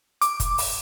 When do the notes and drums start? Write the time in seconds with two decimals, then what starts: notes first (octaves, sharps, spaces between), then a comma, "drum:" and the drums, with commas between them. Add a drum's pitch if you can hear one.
0.21 D6, drum: hi-hat
0.40 drum: kick, hi-hat
0.58 drum: open hi-hat